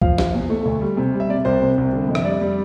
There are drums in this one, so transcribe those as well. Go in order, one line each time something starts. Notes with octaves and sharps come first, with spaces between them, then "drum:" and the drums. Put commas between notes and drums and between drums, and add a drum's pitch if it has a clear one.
F3 F5, drum: kick
F3, drum: snare
E2
A3
D2
G3
C3
G3
E5
C3 D5
C2 C5
C3
C2
D3
F2
E5, drum: rim click
G3 D5
G3